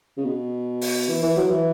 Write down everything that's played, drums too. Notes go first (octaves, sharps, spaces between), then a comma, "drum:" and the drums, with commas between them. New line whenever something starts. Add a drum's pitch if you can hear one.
C#3
B2
drum: open hi-hat
E3
E3
F#3
E3